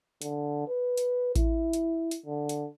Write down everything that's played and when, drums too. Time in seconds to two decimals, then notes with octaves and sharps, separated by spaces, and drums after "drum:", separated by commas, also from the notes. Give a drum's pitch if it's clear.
0.22 D3, drum: hi-hat
0.67 B4
0.97 drum: hi-hat
1.36 E4, drum: kick A1, hi-hat
1.73 drum: hi-hat
2.11 drum: hi-hat
2.26 D3
2.49 drum: hi-hat